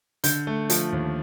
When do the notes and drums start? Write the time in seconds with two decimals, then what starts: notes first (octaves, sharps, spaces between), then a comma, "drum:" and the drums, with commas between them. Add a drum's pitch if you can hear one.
0.24 D3 G6, drum: hi-hat
0.47 A3
0.70 F3, drum: hi-hat
0.93 D#2